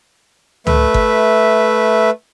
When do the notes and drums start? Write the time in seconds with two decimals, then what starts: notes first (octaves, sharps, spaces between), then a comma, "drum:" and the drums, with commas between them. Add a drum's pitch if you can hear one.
0.67 A3 B4 E5, drum: tom C#2
0.94 drum: kick G1